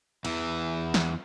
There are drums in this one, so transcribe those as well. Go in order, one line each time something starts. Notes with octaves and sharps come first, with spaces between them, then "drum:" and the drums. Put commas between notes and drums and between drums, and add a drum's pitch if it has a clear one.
E2 E3, drum: cymbal
drum: snare